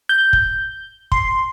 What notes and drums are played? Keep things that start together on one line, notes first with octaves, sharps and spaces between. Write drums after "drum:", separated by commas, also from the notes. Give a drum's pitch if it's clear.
G6
drum: kick
C6, drum: kick